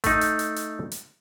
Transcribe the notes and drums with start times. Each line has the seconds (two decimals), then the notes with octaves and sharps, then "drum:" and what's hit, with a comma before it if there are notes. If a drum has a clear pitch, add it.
0.04 A3 D#4, drum: kick A1, hi-hat
0.21 drum: hi-hat
0.39 drum: hi-hat
0.56 drum: hi-hat
0.92 drum: hi-hat